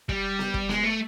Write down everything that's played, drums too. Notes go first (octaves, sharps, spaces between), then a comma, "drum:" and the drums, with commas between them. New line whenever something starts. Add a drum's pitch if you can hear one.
G3, drum: kick
drum: snare B3
drum: kick
G#3, drum: snare B3
A3